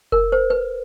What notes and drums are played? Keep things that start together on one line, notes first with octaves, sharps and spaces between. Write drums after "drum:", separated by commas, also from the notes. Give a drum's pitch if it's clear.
A#4, drum: kick F1
C5
B4